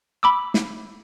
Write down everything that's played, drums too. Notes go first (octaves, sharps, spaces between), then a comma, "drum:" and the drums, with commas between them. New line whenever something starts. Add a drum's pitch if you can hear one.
B5 D6 E6
drum: snare